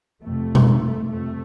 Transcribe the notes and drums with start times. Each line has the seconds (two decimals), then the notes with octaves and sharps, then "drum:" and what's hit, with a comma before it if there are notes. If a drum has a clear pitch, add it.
0.22 F2 C3 A3
0.55 drum: tom B2
1.11 F2 C3 A3